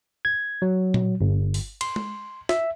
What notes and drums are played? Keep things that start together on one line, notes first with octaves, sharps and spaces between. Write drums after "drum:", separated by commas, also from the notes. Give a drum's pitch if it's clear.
G#6
F#3
drum: tom A#2
G1
drum: open hi-hat
C6, drum: cymbal
drum: tom
E5, drum: snare